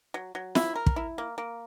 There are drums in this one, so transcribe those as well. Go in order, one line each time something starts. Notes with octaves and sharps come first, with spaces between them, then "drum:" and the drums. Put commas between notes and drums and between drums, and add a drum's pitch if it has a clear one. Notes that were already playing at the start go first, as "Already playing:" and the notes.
F#3
F#3
E4, drum: snare
A#4
drum: kick
E4
A#3
A#3